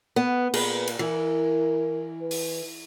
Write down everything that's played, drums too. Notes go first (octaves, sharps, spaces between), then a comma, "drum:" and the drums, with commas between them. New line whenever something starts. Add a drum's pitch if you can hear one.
B3
A#2 G#4 B4, drum: cymbal
drum: cymbal
E3 A#4
B4
drum: open hi-hat